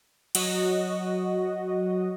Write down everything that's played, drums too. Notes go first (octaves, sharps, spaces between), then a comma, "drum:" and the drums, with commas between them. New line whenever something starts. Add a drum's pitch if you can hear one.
F#3 F#4 D#5, drum: cymbal